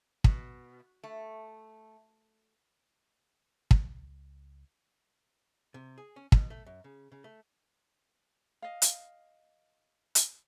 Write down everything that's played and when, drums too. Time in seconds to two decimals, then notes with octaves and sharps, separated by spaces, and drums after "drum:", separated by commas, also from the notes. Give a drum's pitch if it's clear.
0.24 B2, drum: kick
1.04 A3
3.71 C#2, drum: kick
5.74 C3
5.98 G#4
6.16 C#4
6.32 B2, drum: kick
6.50 A3
6.66 F#2
6.84 C#3
7.12 C#3
7.24 A3
8.62 D#5 F5
8.82 drum: hi-hat
10.15 drum: hi-hat